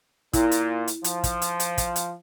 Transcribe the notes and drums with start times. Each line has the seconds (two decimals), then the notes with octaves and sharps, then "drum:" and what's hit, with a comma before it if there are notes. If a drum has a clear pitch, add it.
0.33 A#2 E4, drum: kick, hi-hat
0.51 drum: hi-hat
0.88 drum: hi-hat
1.04 F3, drum: hi-hat
1.24 drum: kick, hi-hat
1.42 drum: hi-hat
1.60 drum: hi-hat
1.78 drum: kick, hi-hat
1.96 drum: hi-hat